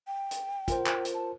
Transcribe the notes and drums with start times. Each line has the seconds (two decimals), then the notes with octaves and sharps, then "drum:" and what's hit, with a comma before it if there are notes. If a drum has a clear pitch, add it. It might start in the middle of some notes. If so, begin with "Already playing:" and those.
0.07 G5
0.31 drum: hi-hat
0.68 F4 A#4 C5, drum: kick, hi-hat
0.86 drum: clap
1.05 drum: hi-hat
1.14 A5